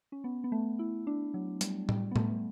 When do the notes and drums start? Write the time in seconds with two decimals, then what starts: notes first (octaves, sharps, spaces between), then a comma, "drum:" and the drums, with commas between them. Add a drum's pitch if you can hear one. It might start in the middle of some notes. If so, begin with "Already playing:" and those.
0.12 C#4
0.24 B3
0.44 B3
0.52 A3
0.79 E4
1.07 D4
1.34 F#3
1.61 G3, drum: hi-hat
1.89 G3, drum: tom A2
2.11 B3
2.16 A3, drum: tom A2